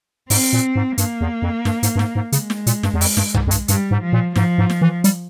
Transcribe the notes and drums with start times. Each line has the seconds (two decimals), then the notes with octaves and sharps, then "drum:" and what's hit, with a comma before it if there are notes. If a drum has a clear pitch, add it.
0.30 G#2 C4, drum: open hi-hat
0.53 A#2
0.76 G#2
0.98 G2 A#3, drum: hi-hat
1.21 E2
1.42 F2
1.65 G2, drum: snare
1.83 G#2, drum: hi-hat
1.96 G2
1.99 G#2, drum: snare
2.15 G#2
2.32 C#3 G#3, drum: hi-hat
2.50 drum: snare
2.67 A#2, drum: hi-hat
2.83 G2, drum: snare
2.94 E2
3.01 F2, drum: open hi-hat
3.17 G2, drum: snare
3.34 G#2, drum: tom B1
3.47 F2
3.51 G2, drum: hi-hat
3.68 G2 G3, drum: hi-hat
3.91 G#2
4.02 F3
4.13 A#2
4.36 G#2 F3, drum: snare
4.58 G#2
4.70 drum: snare
4.82 E3
5.04 G3, drum: hi-hat